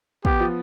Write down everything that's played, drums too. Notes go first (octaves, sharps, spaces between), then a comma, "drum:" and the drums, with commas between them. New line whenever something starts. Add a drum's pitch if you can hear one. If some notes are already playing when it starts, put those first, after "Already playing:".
B3 G4, drum: kick
F3